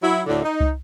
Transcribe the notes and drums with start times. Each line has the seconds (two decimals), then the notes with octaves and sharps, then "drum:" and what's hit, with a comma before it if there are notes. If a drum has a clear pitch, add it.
0.01 F#3 E4
0.27 D2 A2 D3
0.42 D#4
0.60 drum: kick